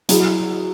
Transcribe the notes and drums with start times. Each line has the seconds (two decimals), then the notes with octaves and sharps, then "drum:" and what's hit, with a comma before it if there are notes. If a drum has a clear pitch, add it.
0.09 F#3 E4 G#4, drum: hi-hat